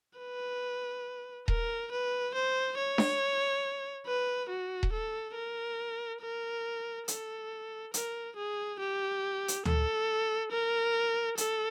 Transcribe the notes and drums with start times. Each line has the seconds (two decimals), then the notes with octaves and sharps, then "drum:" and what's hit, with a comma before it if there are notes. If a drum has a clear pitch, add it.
0.19 B4
1.48 A#4, drum: kick D#1
1.91 B4
2.34 C5
2.78 C#5
2.98 drum: snare D4
4.06 B4
4.49 F#4
4.83 drum: kick D#1
4.93 A4
5.35 A#4
6.21 A#4
7.08 A4, drum: hi-hat
7.94 A#4, drum: hi-hat
8.36 G#4
8.79 G4
9.48 drum: hi-hat
9.65 A4, drum: tom D2
10.52 A#4
11.38 A4, drum: hi-hat